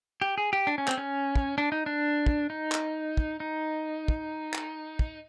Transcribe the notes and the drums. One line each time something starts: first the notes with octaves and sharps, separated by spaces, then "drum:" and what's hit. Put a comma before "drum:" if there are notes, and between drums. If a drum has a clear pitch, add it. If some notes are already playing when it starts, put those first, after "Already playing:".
G4
G#4
G4
D4
C#4
C4, drum: clap
C#4
drum: kick
D4
D#4
D4
drum: kick
D#4
drum: clap
drum: kick
D#4
drum: kick
drum: clap
drum: kick